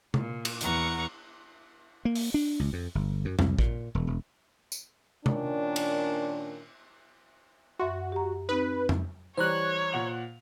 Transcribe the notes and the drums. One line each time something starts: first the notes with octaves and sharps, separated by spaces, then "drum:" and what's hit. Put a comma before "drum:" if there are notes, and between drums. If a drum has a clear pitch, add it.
A#2, drum: tom C3
drum: cymbal
E2 F#5 A#5 C#6, drum: hi-hat
A#3
drum: open hi-hat
D4
C#2
F2
G1
F#2
C2, drum: tom F2
A#2, drum: kick A1
E1
E1
drum: tambourine
A#2 D#3 C#4 D4, drum: tom C3
drum: cymbal
F#2 F#4 E5 C6
G4 A#5
C4 D#4 B4
drum: tom F2
E3 G3 C5 C#5 A#5 F#6
A#2 F#5 F7